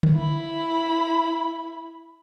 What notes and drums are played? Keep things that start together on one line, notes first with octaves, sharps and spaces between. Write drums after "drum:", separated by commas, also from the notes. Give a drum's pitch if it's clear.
drum: tom D3
E4 B5